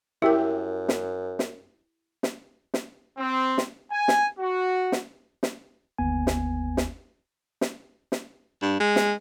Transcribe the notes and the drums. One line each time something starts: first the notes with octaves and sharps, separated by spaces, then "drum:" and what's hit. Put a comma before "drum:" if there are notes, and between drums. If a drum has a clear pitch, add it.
F#2 E4 G4 A#4 E5
drum: snare
drum: snare
drum: snare
drum: snare
C4
drum: snare
G#5
drum: snare
F#4
drum: snare
drum: snare
G1 D#2 B3 G#5
drum: snare
drum: snare
drum: snare
drum: snare
G2
G#3
drum: snare